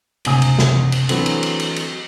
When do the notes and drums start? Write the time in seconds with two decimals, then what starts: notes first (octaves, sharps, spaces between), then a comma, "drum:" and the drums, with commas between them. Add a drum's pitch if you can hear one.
0.25 F#1 D2 C3 G#5 D#6, drum: cymbal
0.42 drum: cymbal
0.59 drum: snare
0.75 drum: tom
0.92 drum: cymbal
1.09 D3 E3 F#3 A3 C4, drum: cymbal
1.26 drum: cymbal
1.43 drum: cymbal
1.60 drum: cymbal
1.76 drum: cymbal